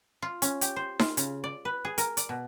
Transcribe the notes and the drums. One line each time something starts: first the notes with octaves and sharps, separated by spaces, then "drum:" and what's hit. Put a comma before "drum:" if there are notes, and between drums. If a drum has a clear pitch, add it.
F4
C#4, drum: hi-hat
G4, drum: hi-hat
C5
F4, drum: snare D#4
C#3, drum: hi-hat
D5
B4
G#4
A#4, drum: hi-hat
D5, drum: hi-hat
B2